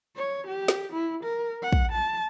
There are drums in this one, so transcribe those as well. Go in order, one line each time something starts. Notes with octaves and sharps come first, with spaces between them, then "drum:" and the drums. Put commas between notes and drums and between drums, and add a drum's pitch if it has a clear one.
C#5
G4
drum: snare
E4
A#4
F#5
drum: kick
A5